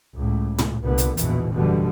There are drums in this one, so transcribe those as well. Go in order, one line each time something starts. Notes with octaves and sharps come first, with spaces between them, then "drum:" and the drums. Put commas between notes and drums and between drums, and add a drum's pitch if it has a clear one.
C#2 A2
drum: tom
C2 A#2 D3 B3
drum: hi-hat
A#1 E2 G#2 B2 E3, drum: hi-hat
F#1 E2 B2 D3 E3 G3